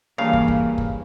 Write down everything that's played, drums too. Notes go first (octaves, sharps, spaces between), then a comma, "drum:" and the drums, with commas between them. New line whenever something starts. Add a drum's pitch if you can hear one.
G2 C#3 E3 A#3 F5
drum: kick
drum: kick
drum: kick